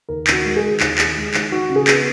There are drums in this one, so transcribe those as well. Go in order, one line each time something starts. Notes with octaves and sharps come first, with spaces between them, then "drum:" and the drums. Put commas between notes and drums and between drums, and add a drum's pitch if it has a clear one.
D#2 A#4
D#2 F#4, drum: clap
G#3
G#4
D#3
D#2, drum: clap
D#2, drum: clap
G#3
D#3, drum: clap
D#4 F#4
C#3
G#4
B3, drum: clap